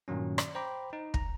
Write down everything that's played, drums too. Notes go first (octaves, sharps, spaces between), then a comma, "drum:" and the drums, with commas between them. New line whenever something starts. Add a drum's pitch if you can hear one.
G2 A#2 D#3 F#3 C#4
D5, drum: rim click
C5 G5 A#5 B5 D6
D#4
A#5, drum: kick